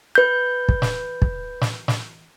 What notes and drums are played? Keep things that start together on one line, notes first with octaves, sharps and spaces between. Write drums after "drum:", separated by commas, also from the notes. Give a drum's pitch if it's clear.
B4 G6
drum: kick
drum: snare
drum: kick
drum: snare
drum: snare